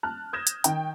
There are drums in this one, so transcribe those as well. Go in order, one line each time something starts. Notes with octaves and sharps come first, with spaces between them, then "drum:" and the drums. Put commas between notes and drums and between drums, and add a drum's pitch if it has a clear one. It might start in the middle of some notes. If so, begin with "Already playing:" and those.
A5 F6 F#6
D#6 F6 G6 G#6 A#6 E7
drum: hi-hat
D#3 G5, drum: hi-hat